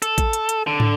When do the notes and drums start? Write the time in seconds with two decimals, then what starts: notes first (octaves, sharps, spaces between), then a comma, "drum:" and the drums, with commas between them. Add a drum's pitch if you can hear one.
0.02 A4, drum: hi-hat
0.18 drum: kick A1, hi-hat
0.33 drum: hi-hat
0.49 drum: hi-hat
0.67 D3
0.80 drum: tom